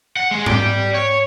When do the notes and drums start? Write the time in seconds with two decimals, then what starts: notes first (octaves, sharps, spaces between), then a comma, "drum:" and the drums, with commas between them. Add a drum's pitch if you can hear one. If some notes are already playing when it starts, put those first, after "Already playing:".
0.16 F#5
0.31 G#3 G#4
0.46 D5 G5, drum: tom G#2
0.95 C#5